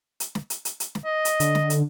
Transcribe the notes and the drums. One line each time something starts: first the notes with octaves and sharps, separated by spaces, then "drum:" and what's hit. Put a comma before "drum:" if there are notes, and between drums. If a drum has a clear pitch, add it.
drum: hi-hat
drum: snare
drum: hi-hat
drum: hi-hat
drum: hi-hat
drum: snare
D#5
drum: hi-hat
D3, drum: hi-hat
drum: snare
drum: hi-hat